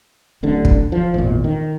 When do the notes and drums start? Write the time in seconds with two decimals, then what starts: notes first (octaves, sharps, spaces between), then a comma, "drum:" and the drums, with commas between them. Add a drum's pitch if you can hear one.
0.43 D1 A1 D3
0.65 drum: kick
0.92 F3
1.14 G#1 E2 A#2
1.44 D#3